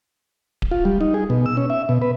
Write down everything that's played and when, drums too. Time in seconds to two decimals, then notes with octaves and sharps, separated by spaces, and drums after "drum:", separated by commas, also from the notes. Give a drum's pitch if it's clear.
0.62 drum: kick D1
0.71 F4
0.85 G3
1.01 D#4
1.14 G#4
1.30 B2
1.46 E6
1.57 C#4
1.70 E5
1.89 B2
2.02 B4